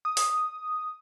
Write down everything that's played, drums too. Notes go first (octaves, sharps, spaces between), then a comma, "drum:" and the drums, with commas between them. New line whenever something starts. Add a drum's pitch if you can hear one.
D#6
drum: open hi-hat